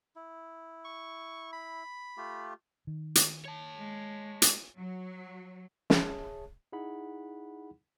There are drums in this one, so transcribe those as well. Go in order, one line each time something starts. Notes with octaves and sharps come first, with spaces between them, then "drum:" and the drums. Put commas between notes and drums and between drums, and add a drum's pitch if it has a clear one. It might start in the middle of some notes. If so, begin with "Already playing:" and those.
E4
C#6
B5
A3 F4 G4
D#3
drum: hi-hat
C#5 A5
G#3
drum: hi-hat
F#3
G#4 C#5 E5 A5, drum: snare
D#4 E4 G#4 F#5 B5